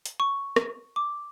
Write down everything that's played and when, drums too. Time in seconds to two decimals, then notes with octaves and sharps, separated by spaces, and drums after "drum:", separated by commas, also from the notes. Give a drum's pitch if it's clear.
0.06 drum: hi-hat
0.20 C#6
0.56 drum: rim click
0.96 D6